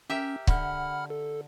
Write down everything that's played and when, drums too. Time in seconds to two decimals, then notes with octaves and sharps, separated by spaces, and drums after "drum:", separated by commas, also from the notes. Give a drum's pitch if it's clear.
0.10 C#4 G4 A#4 E5
0.47 D3 F#5 B5 F6, drum: kick C#1
1.10 A4